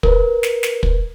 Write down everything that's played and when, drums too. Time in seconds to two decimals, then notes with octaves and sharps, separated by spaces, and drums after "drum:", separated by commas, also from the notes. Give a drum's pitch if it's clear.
0.03 A#4 B4, drum: kick
0.43 drum: snare
0.63 drum: snare
0.83 drum: kick